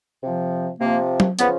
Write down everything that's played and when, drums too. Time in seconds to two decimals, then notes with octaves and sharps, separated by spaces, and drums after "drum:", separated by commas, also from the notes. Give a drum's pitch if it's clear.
0.23 C3 F3
0.80 C3 F3 A#3
1.20 drum: tom F#3
1.39 C#3 F3 B3, drum: hi-hat